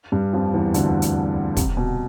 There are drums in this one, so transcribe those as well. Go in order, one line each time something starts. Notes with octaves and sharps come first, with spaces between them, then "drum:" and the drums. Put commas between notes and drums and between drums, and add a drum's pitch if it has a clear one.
G2 G3
F2 F3
E2 E3
D2 D3, drum: hi-hat
drum: hi-hat
C3, drum: kick, hi-hat
B2